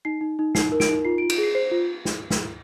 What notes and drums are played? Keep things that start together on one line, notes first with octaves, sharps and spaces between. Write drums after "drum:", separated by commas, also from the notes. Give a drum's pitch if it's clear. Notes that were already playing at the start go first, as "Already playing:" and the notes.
D#4 C7
D#4
D#4
D#4 C7, drum: snare
A#4
D7, drum: snare
D#4
F4 C7
D7
F4
D7, drum: cymbal
G#4
C7
C5 C7
F4
drum: snare
drum: snare